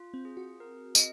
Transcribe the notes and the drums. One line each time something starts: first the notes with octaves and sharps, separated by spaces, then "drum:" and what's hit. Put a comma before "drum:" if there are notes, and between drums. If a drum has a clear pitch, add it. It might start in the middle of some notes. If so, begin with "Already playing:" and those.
Already playing: F4
C4
G#4
F#4
A#4
D#5, drum: tambourine